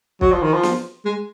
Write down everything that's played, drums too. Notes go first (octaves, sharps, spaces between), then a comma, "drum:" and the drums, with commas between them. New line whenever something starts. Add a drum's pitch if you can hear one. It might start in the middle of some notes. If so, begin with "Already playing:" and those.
F#3, drum: kick
F3
D#3
F3
drum: snare
G#3